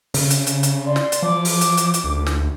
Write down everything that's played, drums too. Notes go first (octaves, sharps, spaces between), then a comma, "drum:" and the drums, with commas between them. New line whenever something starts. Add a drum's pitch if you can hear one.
C#3, drum: open hi-hat
drum: hi-hat
drum: hi-hat
drum: hi-hat
D5 C6
drum: snare
drum: hi-hat
F3 D6
drum: open hi-hat
drum: hi-hat
drum: hi-hat
drum: hi-hat
D2
drum: snare